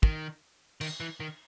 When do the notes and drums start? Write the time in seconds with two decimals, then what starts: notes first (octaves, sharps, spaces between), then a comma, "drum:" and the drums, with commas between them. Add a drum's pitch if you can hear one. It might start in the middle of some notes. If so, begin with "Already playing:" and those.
0.03 D#3, drum: kick
0.81 D#3, drum: cymbal
1.00 E3
1.20 D#3